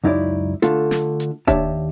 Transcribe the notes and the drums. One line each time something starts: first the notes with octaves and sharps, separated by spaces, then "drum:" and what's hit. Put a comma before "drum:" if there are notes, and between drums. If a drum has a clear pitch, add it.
C#2 F#2 D#4 E4 C#5 D5
D3 A3 F4 A4, drum: hi-hat
drum: snare
drum: hi-hat
D#2 D4 G4 C#5 E5 A5, drum: kick E1, hi-hat